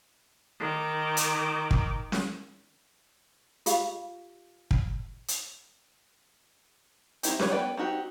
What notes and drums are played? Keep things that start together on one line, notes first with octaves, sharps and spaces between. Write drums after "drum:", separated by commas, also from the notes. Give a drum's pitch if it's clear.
D#3 D6
drum: hi-hat
drum: kick
drum: snare C#4
F4 G4 F5, drum: hi-hat
drum: kick
drum: hi-hat
C4 D#4 E4 G4, drum: hi-hat
G4 B4 C#5, drum: snare C#4
B3 B4 D5 G5
C4 D#4 F#4 G4